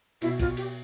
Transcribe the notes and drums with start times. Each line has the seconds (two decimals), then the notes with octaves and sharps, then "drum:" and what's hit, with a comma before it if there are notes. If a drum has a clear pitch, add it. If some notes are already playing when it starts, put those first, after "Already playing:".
0.22 B2 E4, drum: cymbal
0.40 F4, drum: kick, cymbal
0.57 G4, drum: cymbal